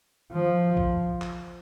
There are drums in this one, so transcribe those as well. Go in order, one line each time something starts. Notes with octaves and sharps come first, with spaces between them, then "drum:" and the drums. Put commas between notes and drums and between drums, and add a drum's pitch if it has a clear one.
F3
drum: kick A1
drum: clap